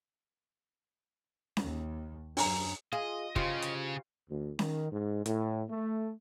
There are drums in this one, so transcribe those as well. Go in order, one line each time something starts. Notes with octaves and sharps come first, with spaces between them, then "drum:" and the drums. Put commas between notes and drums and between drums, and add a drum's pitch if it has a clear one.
D#2, drum: snare C#4
F#2 D4 G#5 A#5, drum: open hi-hat
F4 G#4 D#5
C#3 F4 G4 C5 F5, drum: kick
drum: hi-hat
D2
D#3, drum: snare C#4
G#2
A2, drum: hi-hat
A3